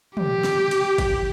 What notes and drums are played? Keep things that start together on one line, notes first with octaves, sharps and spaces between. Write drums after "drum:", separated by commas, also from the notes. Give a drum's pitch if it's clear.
G4, drum: tom
drum: snare
drum: cymbal
drum: kick, cymbal